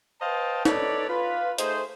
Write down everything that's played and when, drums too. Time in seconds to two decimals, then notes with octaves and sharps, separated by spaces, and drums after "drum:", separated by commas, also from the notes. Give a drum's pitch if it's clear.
0.21 B4 C5 D#5 F5 G5 A5
0.65 D#4 A4 B4 C#5 D5, drum: snare
1.10 F4 B4
1.58 A3 D#4 G#4 C5, drum: hi-hat